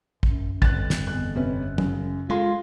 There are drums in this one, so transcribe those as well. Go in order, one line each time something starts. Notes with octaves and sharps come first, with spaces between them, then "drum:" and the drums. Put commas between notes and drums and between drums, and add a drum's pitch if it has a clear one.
F#2, drum: kick
G1 F2 F#6 A6, drum: kick
drum: snare
E2 F#6
C3 C#4 B4
F#2 C#3, drum: tom
G#3 F4 A4 C6